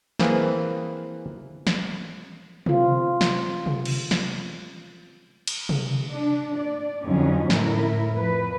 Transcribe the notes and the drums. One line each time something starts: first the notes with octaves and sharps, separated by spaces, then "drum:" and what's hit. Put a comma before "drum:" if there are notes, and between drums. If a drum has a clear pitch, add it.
E3 A#3 C4 G#4 B4, drum: snare
drum: snare
C4 F4, drum: tom C3
drum: snare
drum: tom C3
drum: cymbal
drum: snare
drum: cymbal
drum: tom C3
D4
D5
F2 D3 F3 F#3 C#4 D#4
A2 E4 A#4, drum: snare
F2 B4